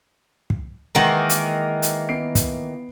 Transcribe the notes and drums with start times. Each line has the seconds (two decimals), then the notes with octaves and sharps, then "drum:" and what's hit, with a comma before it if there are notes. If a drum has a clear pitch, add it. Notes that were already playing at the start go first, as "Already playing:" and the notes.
0.50 drum: kick
0.95 D#3 E3 G#3 A#3 F#5 F#7
1.29 drum: hi-hat
1.82 drum: hi-hat
2.09 B3 C7 D7
2.35 drum: kick, hi-hat